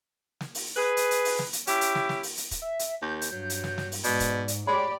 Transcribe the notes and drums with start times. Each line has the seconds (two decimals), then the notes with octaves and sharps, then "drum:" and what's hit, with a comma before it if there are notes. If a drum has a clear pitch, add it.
0.41 drum: snare
0.55 drum: open hi-hat
0.76 G#4 B4
0.97 drum: hi-hat
1.11 drum: hi-hat
1.25 drum: open hi-hat
1.39 drum: snare
1.53 drum: hi-hat
1.67 C#4 E4 G4, drum: hi-hat
1.81 drum: hi-hat
1.95 drum: snare
2.09 drum: snare
2.23 drum: open hi-hat
2.37 drum: hi-hat
2.51 drum: kick, hi-hat
2.62 E5
2.79 drum: hi-hat
3.02 D#2 G6
3.22 drum: hi-hat
3.32 G2 F#3
3.50 drum: hi-hat
3.64 drum: snare
3.78 drum: snare
3.92 drum: open hi-hat
4.04 G#2 B2 D5, drum: hi-hat
4.20 drum: kick, hi-hat
4.48 drum: hi-hat
4.67 G#3 G4 C#5 D5 B5